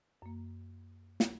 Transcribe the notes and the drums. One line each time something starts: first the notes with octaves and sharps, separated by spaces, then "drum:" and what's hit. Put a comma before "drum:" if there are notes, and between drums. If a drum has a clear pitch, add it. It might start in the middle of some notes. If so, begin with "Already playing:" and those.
F#2 A#3
drum: snare